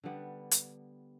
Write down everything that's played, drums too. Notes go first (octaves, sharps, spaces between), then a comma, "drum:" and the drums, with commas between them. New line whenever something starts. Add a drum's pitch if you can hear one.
D3 G3 B3
drum: hi-hat